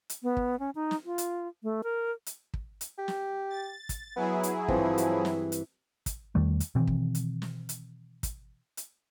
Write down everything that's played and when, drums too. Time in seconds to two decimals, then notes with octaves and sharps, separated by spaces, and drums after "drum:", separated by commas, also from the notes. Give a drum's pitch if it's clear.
0.10 drum: hi-hat
0.23 B3
0.37 drum: kick
0.59 C#4
0.75 D#4
0.91 drum: snare
1.06 F4
1.18 drum: hi-hat
1.63 A3
1.84 A#4
2.26 drum: hi-hat
2.54 drum: kick
2.81 drum: hi-hat
2.98 G4
3.08 drum: snare
3.50 A6
3.89 drum: kick, hi-hat
4.16 F#3 B3 E4 G#4
4.43 drum: hi-hat
4.68 G2 E3 F3 C4, drum: kick
4.98 drum: hi-hat
5.25 drum: snare
5.52 drum: hi-hat
6.06 drum: kick, hi-hat
6.35 E2 D#3 G3 A3
6.60 drum: hi-hat
6.75 B2 D#3 E3 C4
6.87 drum: kick
7.15 drum: hi-hat
7.42 drum: snare
7.69 drum: hi-hat
8.23 drum: kick, hi-hat
8.77 drum: hi-hat